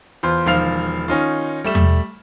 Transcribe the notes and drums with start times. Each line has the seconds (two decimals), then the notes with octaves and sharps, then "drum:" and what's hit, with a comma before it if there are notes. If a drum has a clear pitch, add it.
0.23 E2 F4 C5
0.46 E1 D#3 F3 F5 F7
1.08 D#3 C#4 D#4 F4
1.64 G3 A3 E7
1.75 drum: tom E2